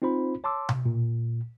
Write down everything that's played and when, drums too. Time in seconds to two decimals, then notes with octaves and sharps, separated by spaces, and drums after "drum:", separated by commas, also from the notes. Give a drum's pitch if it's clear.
0.02 C4 D#4 F4 C5 B5
0.44 C#5 A5 C6 D6 E6
0.69 drum: tom B2
0.86 A#2